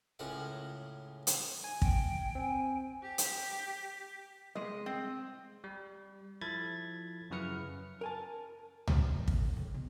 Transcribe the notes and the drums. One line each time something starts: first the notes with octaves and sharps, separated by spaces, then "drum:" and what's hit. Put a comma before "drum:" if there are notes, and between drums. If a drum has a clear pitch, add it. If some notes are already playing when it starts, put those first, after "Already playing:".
C#2 A2 C#3 A#4 F#5
drum: hi-hat
G#5
G5, drum: kick
C4 G#5
G4
drum: hi-hat
C2 G#3 D#5
C4
G3
F3 E4 A4 B5 G#6 A6
F#2 C#3 E4 B4 F6 C#7
A#4 G#5 A5
drum: tom C#2
B1
A1, drum: kick
C#2
B2